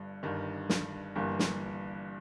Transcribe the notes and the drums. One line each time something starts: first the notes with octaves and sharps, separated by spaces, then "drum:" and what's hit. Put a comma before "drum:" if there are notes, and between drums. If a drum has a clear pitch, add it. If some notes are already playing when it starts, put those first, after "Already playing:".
Already playing: G1 G2
G1 G2 D#3
drum: snare
G1 G2 E3 A#3
drum: snare